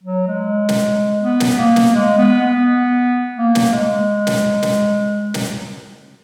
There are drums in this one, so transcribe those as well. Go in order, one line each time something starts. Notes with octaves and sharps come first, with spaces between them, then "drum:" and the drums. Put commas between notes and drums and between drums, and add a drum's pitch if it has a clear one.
F#3
G#3
drum: snare
B3
drum: snare
A#3
drum: snare
G#3
B3
B3
A#3
drum: snare
G#3
drum: snare
drum: snare
drum: snare